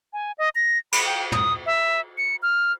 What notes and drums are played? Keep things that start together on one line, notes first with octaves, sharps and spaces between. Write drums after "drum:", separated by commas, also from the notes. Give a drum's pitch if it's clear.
G#5
D#5
A#6
B5, drum: cymbal
G5
D#6, drum: tom
E5
C#7
F6